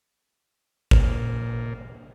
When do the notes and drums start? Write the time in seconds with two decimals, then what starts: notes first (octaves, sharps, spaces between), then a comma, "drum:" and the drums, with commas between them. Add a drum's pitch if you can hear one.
0.91 A#2, drum: kick G#1